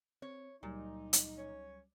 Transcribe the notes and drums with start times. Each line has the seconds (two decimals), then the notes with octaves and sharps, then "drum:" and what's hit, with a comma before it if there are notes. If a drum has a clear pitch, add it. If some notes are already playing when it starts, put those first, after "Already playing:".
0.22 C4 C#5
0.63 C#2 A#2 F#3 G3 D#4
1.13 drum: hi-hat
1.38 C#4 C#5